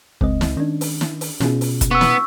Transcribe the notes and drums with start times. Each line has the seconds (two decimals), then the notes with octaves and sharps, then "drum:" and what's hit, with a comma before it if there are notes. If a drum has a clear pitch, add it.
0.21 C#2 G#3 C4 D#5, drum: kick
0.41 drum: snare
0.57 D#3 C#4 D4
0.81 drum: open hi-hat
1.01 drum: snare
1.21 drum: open hi-hat
1.40 B2 C#4 F4 G#4, drum: snare
1.61 drum: open hi-hat
1.81 drum: kick, hi-hat
1.91 B3 C#6 E6
2.01 drum: snare